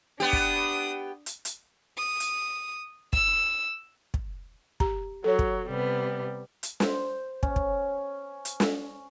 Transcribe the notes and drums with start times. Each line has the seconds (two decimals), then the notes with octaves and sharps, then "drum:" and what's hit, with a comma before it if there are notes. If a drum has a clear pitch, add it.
0.20 B3 D4 G4 D#6
0.33 drum: kick
1.26 drum: hi-hat
1.45 drum: hi-hat
1.97 D#6
2.20 drum: hi-hat
3.13 E6, drum: kick
4.14 drum: kick
4.80 G4 A#5, drum: kick
5.24 F#3 A4 C#5
5.39 drum: kick
5.67 C3 G3 B3
6.63 drum: hi-hat
6.80 C5, drum: snare
7.43 C#4, drum: kick
7.56 drum: kick
8.45 drum: hi-hat
8.60 drum: snare